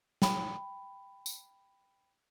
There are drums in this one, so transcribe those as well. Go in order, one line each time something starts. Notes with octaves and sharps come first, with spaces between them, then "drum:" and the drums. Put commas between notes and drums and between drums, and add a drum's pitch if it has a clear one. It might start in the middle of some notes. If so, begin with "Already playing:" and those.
G5 B5, drum: snare
drum: tambourine